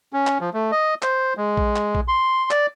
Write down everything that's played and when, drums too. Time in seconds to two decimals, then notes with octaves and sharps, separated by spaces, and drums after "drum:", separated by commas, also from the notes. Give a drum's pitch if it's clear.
0.13 C#4
0.27 drum: clap
0.41 F3
0.54 A3
0.72 D#5
1.02 C5, drum: clap
1.37 G#3
1.57 drum: kick A#1
1.76 drum: clap
1.95 drum: kick A#1
2.08 C6
2.51 D5, drum: clap